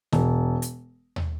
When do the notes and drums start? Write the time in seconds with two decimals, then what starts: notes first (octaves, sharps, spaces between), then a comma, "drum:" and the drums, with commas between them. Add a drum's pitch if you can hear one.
0.12 E1, drum: snare
0.62 drum: hi-hat
1.16 drum: tom D#2